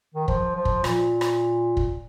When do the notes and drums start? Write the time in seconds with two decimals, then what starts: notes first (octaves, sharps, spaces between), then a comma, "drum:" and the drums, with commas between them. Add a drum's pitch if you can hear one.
0.15 D#3
0.28 F3, drum: kick
0.55 F3
0.65 drum: kick
0.84 A#2, drum: rim click
1.21 drum: rim click
1.77 drum: kick